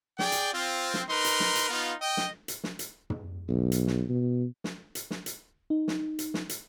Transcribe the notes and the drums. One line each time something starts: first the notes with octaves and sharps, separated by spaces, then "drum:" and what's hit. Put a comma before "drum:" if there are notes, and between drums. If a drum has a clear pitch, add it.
G#4 D5 G5, drum: snare
drum: hi-hat
C4 F4
drum: snare
D#4 A#4 B4 C6
drum: hi-hat
drum: snare
drum: hi-hat
B3 D#4 F4
D#5 G5
drum: snare
drum: hi-hat
drum: snare
drum: hi-hat
drum: tom
B1
drum: hi-hat
drum: snare
B2
drum: snare
drum: hi-hat
drum: snare
drum: hi-hat
D#4
drum: snare
drum: hi-hat
drum: snare
drum: hi-hat